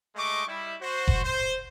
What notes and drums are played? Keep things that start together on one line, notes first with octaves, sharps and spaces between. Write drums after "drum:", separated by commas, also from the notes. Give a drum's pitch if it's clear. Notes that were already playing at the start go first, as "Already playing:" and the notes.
G#3 A3 D#5 C#6 D6
G3 E4
F#4 C5
drum: kick F1
C5